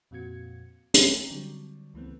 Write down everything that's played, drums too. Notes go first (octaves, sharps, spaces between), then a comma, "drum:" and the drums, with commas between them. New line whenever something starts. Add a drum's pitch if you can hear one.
F2 A#2 C4 F#4 G#6 C#7
G5 G#5 A#5, drum: hi-hat
D3 F#3 G3 C4 D4
C#2 E3 A3 B3 C4